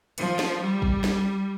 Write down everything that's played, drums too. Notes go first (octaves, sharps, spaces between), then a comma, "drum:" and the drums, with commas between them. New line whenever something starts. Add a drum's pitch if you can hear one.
F3, drum: hi-hat
drum: snare
G3
drum: kick
drum: snare